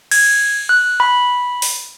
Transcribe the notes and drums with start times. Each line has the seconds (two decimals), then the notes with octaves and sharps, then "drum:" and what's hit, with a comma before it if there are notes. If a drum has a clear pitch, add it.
0.11 G#6, drum: cymbal
0.69 F#6
1.00 B5
1.62 drum: open hi-hat